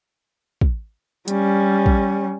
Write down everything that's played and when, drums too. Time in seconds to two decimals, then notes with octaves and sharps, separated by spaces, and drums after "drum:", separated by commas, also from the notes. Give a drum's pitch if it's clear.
0.61 drum: kick
1.28 G3 C#4, drum: hi-hat
1.86 drum: kick